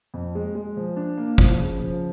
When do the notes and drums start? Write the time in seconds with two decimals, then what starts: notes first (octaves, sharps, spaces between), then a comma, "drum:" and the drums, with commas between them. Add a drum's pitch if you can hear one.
0.14 F2
0.35 G#3
0.55 G#3
0.77 F3
0.97 D4
1.18 A#3
1.38 F3, drum: kick
1.59 C#3
1.80 F3